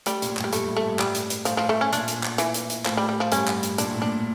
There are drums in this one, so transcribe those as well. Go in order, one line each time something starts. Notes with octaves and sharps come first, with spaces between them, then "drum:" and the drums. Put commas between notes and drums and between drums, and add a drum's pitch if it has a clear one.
G3 A3, drum: hi-hat
A#2, drum: hi-hat
A2
G2, drum: clap
G3
G2 A3, drum: hi-hat
G2
G2 A3
A2
A2 G3, drum: clap
drum: hi-hat
drum: hi-hat
A2 F3, drum: hi-hat
F3
A3
C#4
A#2 D4, drum: hi-hat
drum: hi-hat
drum: clap
E3, drum: hi-hat
drum: hi-hat
drum: hi-hat
A2 F3, drum: clap
G3
G3
F3
G2 C#4, drum: hi-hat
drum: clap
drum: hi-hat
A#2 D4, drum: hi-hat
A2
A#2 D4